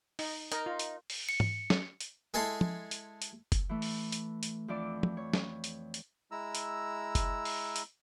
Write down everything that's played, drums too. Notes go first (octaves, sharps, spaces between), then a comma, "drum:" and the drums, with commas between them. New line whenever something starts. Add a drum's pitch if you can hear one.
D#4, drum: open hi-hat
D#4 A#4, drum: hi-hat
F4
drum: hi-hat
drum: open hi-hat
C#7
drum: tom G#2
drum: snare
drum: hi-hat
G#3 E4 G#4 A4 C6
drum: tom
drum: hi-hat
drum: hi-hat
drum: kick F#1, hi-hat
E3 A3
drum: open hi-hat
drum: hi-hat
drum: hi-hat
F2 E3 D4 D5 D6
drum: tom
C#5
drum: snare
drum: hi-hat
drum: hi-hat
G#3 E4 A#5 E6
drum: hi-hat
drum: kick F#1, hi-hat
drum: open hi-hat
drum: hi-hat